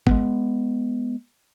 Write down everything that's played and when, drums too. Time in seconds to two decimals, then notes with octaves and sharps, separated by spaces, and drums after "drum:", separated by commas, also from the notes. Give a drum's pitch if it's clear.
0.07 G#3 B3, drum: kick G1